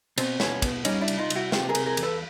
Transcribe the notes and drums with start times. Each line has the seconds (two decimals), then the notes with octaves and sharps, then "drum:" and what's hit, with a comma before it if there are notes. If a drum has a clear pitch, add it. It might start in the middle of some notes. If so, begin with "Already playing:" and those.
0.18 B2 C4, drum: cymbal
0.40 B2 B3 C#4, drum: snare
0.62 B2 B3, drum: kick, cymbal
0.85 G3 C#4 D#4, drum: cymbal
1.01 D4 E4
1.08 C2, drum: cymbal
1.18 D#4 F4
1.30 C2, drum: cymbal
1.36 E4 F#4
1.52 C3 F4 G4, drum: snare
1.69 G#4 A#4
1.75 C3, drum: cymbal
1.86 G#4 A#4
1.97 E2, drum: cymbal
2.03 A4 B4